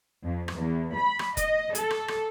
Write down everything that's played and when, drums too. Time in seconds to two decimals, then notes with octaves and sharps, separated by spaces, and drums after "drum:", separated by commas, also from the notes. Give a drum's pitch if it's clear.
0.24 F2
0.48 drum: rim click
0.58 E2
0.97 B5
1.19 drum: rim click
1.37 D#5, drum: kick F1, hi-hat
1.75 A4, drum: hi-hat
1.90 drum: rim click
2.08 drum: rim click